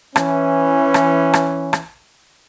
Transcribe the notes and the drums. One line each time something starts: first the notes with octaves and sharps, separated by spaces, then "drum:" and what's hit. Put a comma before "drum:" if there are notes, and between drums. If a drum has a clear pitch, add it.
E3 C#4, drum: rim click
drum: rim click
drum: rim click
drum: rim click